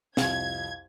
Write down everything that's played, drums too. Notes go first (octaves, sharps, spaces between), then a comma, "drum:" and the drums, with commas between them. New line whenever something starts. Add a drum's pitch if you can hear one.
C2 F2 F5 G#6, drum: snare